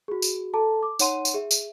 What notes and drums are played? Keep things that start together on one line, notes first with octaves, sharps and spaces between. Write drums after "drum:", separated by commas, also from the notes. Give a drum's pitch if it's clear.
F#4 G#4
drum: tambourine
A4 A5 A#5
D6
D#4 C#5 F#5 C6 D#7, drum: tambourine
drum: tambourine
G#4 E5
drum: tambourine